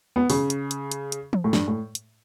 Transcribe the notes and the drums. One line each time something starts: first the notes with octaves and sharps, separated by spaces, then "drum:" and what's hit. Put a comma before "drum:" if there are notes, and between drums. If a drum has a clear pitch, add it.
B3
C#3, drum: open hi-hat
drum: hi-hat
drum: hi-hat
drum: hi-hat
drum: hi-hat
drum: tom E3
A2
G2, drum: snare
A2
drum: hi-hat